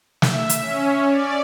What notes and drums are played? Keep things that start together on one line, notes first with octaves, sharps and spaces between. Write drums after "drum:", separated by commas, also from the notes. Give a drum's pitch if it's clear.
E5, drum: snare
drum: hi-hat
C#4
D5